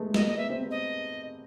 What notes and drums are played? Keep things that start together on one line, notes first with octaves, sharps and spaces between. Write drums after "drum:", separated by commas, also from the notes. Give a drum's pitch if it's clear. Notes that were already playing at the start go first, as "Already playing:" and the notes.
Already playing: G#3 A3 B3
A#3 D#5, drum: snare
D#5
B3 E5
C4
B3
D#5